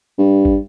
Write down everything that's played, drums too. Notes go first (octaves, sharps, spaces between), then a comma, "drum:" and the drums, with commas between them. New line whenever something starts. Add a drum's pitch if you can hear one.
G2
drum: kick